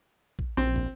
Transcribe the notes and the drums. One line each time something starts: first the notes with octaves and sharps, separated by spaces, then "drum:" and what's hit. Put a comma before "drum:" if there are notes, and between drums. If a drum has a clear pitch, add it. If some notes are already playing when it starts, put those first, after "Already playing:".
drum: kick
A#1 C4
drum: kick